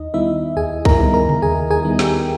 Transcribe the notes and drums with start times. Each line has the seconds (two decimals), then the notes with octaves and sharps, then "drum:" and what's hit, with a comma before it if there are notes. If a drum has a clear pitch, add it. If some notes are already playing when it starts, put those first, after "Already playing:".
Already playing: D#2 D#4 D#5
0.14 D#3 G3 B3 D#4 E4 E5
0.56 D#2 G#4 G#5
0.85 A#4 A#5, drum: kick C2
1.00 D#3 G3 B3 D#4
1.14 A#4 A#5
1.29 drum: tom C3
1.42 D#2 G#4 G#5
1.71 G#4 G#5
1.85 D#3 G3 B3 D#4
1.99 G4 G5, drum: snare